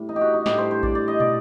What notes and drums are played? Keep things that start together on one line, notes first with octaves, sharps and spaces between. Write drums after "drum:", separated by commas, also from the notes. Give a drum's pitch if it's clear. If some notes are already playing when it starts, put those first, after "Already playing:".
Already playing: A2 G3 D4
D#4
G4
F#4
D#4
A2 G3 D4 G4, drum: snare
C5
C5
D5, drum: kick A1
D5
D#5
D5, drum: tom